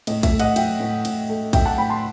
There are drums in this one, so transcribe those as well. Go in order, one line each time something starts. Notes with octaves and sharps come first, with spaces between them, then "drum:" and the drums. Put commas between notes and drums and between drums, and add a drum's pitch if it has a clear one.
A2 D#5, drum: cymbal
E5, drum: kick, cymbal
A3
D#5 F#5, drum: cymbal
F#3 E5 G5, drum: cymbal
A2
A2, drum: cymbal
A3
F#3 E5 G5, drum: kick, cymbal
F#5 A5
A2 G5 B5
A5 C6